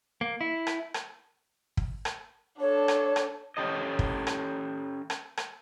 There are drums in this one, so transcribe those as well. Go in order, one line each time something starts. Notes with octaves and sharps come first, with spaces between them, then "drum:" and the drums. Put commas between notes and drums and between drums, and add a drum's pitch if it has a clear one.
A#3
E4
drum: rim click
drum: rim click
drum: kick
drum: rim click
D4 A4 C#5
drum: rim click
drum: rim click
C#4 G4 A4 D#5
drum: kick
drum: rim click
drum: rim click
drum: rim click